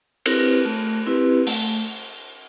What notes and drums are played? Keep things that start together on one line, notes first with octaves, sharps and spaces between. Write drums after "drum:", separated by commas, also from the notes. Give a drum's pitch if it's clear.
C4 E4 G4 B4, drum: cymbal
A3
C4 E4 G4 B4
A3, drum: open hi-hat